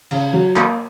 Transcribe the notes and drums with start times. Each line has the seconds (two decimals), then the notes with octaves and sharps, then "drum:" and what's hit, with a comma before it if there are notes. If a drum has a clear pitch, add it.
0.11 C#3, drum: cymbal
0.33 F#3
0.56 A#3, drum: clap B5